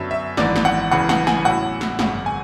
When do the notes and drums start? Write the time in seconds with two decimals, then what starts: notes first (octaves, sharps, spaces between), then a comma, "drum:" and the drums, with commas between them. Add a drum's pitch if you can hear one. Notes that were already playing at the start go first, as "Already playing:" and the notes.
Already playing: F#2 D3 F#3 B3 E5
0.11 E5
0.37 G#1 G#2 E3 B3 D5, drum: snare
0.56 drum: snare
0.65 F#5
0.91 E1 E2 C#3 E3 B3 F#5
1.09 F#5, drum: snare
1.27 G#5, drum: snare
1.45 A2 F#3 C#4 E4 F#5
1.81 drum: snare
1.99 G#1 F#2 C#3 G#3 F#5, drum: snare
2.26 G#5